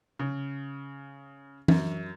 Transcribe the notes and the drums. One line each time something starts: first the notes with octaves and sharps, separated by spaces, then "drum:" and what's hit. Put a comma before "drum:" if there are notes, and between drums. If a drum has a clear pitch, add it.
C#3
F#2, drum: tom E3